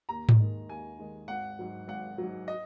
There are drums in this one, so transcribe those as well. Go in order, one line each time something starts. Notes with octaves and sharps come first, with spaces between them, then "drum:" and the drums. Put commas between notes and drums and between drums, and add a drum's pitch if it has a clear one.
D#2 A#5
drum: tom G#2
D#3 G#3
D#2 G#5
D#3 G#3
G#1 F#5
G#2 F#3
G#1 F#5
G#2 F#3
D#5